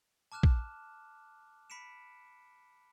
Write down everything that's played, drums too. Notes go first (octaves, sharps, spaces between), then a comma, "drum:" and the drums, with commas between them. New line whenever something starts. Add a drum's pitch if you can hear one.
A5 D6 F6 F#6 E7
drum: kick
B5 B6 C#7 D7 E7